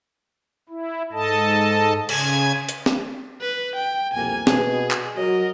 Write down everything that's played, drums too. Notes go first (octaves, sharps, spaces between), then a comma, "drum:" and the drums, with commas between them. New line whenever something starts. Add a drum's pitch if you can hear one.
E4
G#2 A4 D#5 A5
C#3 G#5 G#6, drum: cymbal
drum: hi-hat
drum: snare
B4
G5
C2 F2 B2 A#3 G#5
B2 G#4, drum: snare
drum: clap
F#3 A#4 D#5